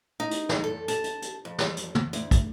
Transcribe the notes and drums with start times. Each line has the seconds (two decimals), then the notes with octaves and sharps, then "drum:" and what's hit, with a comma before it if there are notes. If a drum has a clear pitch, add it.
0.20 D#4
0.31 drum: hi-hat
0.49 drum: snare
0.64 A4
0.88 A5, drum: hi-hat
1.04 drum: hi-hat
1.22 drum: hi-hat
1.45 F2
1.58 drum: snare
1.77 drum: hi-hat
1.95 drum: tom
2.13 D2, drum: hi-hat
2.31 drum: kick, hi-hat